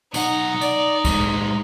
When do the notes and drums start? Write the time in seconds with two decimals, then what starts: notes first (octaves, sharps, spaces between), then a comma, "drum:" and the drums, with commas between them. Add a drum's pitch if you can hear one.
0.14 B1 D#4 F#5, drum: tambourine
0.61 D5, drum: tambourine
1.05 A2 G#3, drum: kick, tambourine